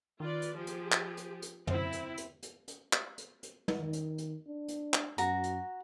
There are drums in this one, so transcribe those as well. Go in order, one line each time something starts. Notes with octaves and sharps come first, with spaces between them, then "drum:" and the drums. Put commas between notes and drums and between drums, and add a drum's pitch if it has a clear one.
D#3 F4 B4 D5
drum: hi-hat
F3 G4 G#4
drum: hi-hat
drum: clap
drum: hi-hat
drum: hi-hat
F#2 C4 E4 C5, drum: tom
drum: hi-hat
drum: hi-hat
drum: hi-hat
drum: hi-hat
drum: clap
drum: hi-hat
drum: hi-hat
drum: tom
D#3
drum: hi-hat
drum: hi-hat
D4
drum: hi-hat
drum: clap
F#2 F#4 A#5, drum: hi-hat
drum: hi-hat